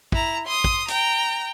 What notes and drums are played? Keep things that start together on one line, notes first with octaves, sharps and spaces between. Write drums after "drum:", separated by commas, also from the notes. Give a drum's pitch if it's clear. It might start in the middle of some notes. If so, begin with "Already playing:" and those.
E4 A#5, drum: kick
C6 D#6
drum: kick
G5 A#5, drum: hi-hat